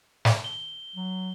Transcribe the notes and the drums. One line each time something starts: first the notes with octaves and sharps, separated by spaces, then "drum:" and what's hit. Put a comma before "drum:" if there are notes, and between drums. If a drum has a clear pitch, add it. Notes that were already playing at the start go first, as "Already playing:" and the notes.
drum: snare
G7
F#3